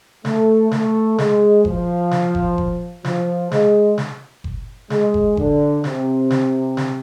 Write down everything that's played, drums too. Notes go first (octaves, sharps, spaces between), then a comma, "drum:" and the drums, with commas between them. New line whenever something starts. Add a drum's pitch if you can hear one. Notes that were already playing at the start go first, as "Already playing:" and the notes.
A3, drum: snare
A3, drum: snare
G#3, drum: snare
F3, drum: kick F#1
drum: snare
drum: kick F#1
drum: kick F#1
F3, drum: snare
G#3, drum: snare
drum: snare
drum: kick F#1
G#3, drum: snare
drum: kick F#1
D3, drum: kick F#1
C3, drum: snare
drum: snare
drum: snare